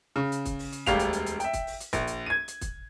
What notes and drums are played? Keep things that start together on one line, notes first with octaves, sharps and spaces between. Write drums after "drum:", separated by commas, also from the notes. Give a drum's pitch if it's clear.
C#3
drum: hi-hat
drum: kick, hi-hat
drum: open hi-hat
drum: hi-hat
E1 D2 G3 G4 F5 F7, drum: kick, hi-hat
drum: hi-hat
drum: hi-hat
drum: hi-hat
E5 G5, drum: hi-hat
drum: kick, hi-hat
drum: open hi-hat
drum: hi-hat
A#1, drum: kick, hi-hat
drum: hi-hat
G#6 D#7
drum: hi-hat
drum: kick, hi-hat